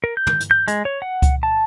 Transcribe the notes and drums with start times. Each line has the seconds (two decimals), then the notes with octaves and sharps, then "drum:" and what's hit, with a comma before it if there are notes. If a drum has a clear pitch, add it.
0.04 A#4
0.17 G6
0.27 drum: tom
0.40 drum: hi-hat
0.51 G6
0.68 G#3, drum: hi-hat
0.85 C#5
1.02 F#5
1.22 drum: kick C#2, hi-hat
1.43 A5